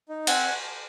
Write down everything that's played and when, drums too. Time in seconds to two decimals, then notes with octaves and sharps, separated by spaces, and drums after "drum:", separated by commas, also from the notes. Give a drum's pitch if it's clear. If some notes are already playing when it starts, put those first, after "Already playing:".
0.09 D#4
0.27 C4 F#5 G#5, drum: cymbal